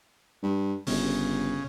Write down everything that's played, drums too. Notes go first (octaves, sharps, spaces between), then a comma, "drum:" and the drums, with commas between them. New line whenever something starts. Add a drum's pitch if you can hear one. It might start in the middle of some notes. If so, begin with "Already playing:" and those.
G2
G1 C#3, drum: open hi-hat